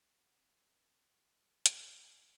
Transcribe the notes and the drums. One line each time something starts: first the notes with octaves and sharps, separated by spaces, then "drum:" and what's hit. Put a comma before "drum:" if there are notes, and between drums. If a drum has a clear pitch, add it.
E2 C4 F#5
A#4
G4
B3 E4 F#4 C5 G#5, drum: hi-hat
A3